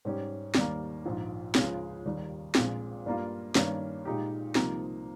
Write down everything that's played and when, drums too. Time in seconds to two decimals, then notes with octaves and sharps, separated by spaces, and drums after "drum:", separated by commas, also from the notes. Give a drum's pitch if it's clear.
0.05 G#2 G3 C#4 G4
0.55 D#2 D#3 G3 A#3, drum: snare
1.05 A#1 G#2 F3
1.55 C#2 C#3 F3 G#3 C#4, drum: snare
2.06 D#2 D#3 G3
2.55 A#1 A#2 G#3 C4, drum: snare
3.06 G2 G3 A#3 F4
3.55 G2 D#3 G3 A#3 C#4, drum: snare
4.05 A#2 G#3 D#4 G4
4.55 C2 C3 F3 A#3 D#4, drum: snare